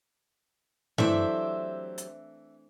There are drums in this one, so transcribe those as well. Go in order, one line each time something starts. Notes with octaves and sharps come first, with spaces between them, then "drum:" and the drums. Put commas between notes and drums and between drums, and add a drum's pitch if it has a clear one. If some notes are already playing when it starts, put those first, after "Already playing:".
E3 F#3 A3 C4 D4 G4 C5 E5, drum: tom G2
drum: hi-hat